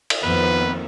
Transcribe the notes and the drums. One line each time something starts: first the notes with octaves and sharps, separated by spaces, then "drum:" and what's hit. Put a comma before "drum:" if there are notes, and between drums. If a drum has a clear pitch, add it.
drum: cymbal
F2 D#3 A#3 B3 B4